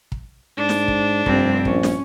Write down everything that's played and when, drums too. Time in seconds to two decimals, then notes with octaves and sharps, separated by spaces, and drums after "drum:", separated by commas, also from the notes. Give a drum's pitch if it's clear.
0.12 drum: kick
0.58 G#2 D4
0.69 drum: snare
0.88 drum: kick
1.26 F1 G2 C4, drum: kick
1.65 A#1 C#4, drum: kick
1.83 drum: snare